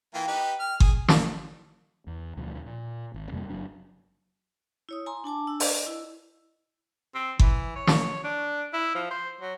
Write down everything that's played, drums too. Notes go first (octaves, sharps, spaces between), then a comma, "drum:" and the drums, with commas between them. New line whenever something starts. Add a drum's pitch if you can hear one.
E3 A#3 F4 G5
D#4 G4 B4
F6
G#4, drum: kick G1
drum: snare
E2
D2 B2 D3 F3
A#2
G#1
F2 C3 G3 A#3
F#1 F#3 D4
E4 C#5 D#6
G#5 A#5 C6
D4 G#5 A5 D6
D4 E6
D5 D#5, drum: open hi-hat
E4
C4
E3, drum: kick G1
C#5
drum: snare
D4
E4
F3
C5
F#3